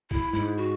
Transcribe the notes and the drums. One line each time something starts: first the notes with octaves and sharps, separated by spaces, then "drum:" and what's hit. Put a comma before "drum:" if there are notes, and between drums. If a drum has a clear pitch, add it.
E4, drum: kick
G#2 E4
F#4